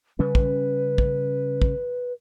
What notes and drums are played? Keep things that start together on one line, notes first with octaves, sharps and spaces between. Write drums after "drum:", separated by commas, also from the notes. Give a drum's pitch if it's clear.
C#3 G3 C#4 B4
drum: kick
drum: kick
drum: kick